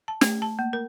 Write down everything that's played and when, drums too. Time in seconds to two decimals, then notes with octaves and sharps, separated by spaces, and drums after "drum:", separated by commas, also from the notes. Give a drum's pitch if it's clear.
0.08 A5
0.21 A3, drum: snare
0.42 A5
0.59 A#3
0.73 A#4